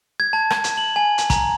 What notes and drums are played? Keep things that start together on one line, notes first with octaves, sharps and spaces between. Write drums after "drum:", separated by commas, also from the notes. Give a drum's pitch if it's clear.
G#6
A5
drum: rim click
drum: hi-hat
F#7
G#5
drum: hi-hat
A#5, drum: kick, hi-hat